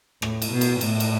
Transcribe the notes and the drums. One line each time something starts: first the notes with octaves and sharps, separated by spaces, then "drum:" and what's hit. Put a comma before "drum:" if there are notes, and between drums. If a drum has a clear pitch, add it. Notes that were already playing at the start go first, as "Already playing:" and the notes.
A2, drum: rim click
drum: cymbal
B2
drum: cymbal
A2, drum: cymbal
drum: cymbal